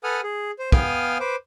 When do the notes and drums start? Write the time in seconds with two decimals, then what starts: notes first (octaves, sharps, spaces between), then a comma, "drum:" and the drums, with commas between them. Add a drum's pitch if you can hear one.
0.04 A4 B4 F#5 G#5 D#6 F6
0.23 G#4
0.59 C5
0.72 B3 F5 G5 G#5 D#6 F6, drum: kick
1.20 B4 C5 D6